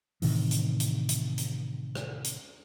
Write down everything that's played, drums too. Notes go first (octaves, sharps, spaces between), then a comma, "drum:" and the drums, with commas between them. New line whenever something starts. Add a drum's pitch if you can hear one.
A2 C3 D#3 E3, drum: open hi-hat
drum: hi-hat
drum: hi-hat
drum: hi-hat
drum: hi-hat
drum: rim click
drum: hi-hat